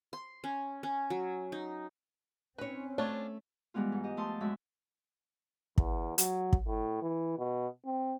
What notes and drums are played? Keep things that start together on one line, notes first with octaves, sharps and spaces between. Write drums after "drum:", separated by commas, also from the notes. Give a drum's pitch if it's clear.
C6
C#4
C#4
F#3
D#4
C4 C#4 D#4 B4 C#5
A3 D4 F4 C#5
E3 G3 G#3 B3 F4
G#2
G4 D#5
F3 A3 A5 C6 D#6
F#2 G#3 C#4 E5
E2, drum: kick
F#3, drum: hi-hat
drum: kick
A2
E3
B2
C4